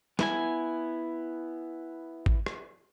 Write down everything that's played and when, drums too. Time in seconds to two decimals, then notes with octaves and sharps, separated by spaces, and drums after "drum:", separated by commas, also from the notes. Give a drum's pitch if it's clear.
0.19 B3 E4 G#5, drum: snare
2.26 drum: kick
2.46 drum: rim click